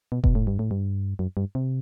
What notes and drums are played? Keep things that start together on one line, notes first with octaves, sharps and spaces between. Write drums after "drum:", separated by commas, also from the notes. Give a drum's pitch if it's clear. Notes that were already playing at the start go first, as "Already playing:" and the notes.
B2
B2, drum: kick F1
A2
G2
A2
G2
F#2
G2
C3